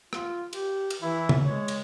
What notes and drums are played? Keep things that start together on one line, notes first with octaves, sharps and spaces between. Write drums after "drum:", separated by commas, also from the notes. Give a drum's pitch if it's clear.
F4, drum: rim click
G4, drum: cymbal
drum: cymbal
E3 E4
drum: tom C#3
G#3 C#5
drum: cymbal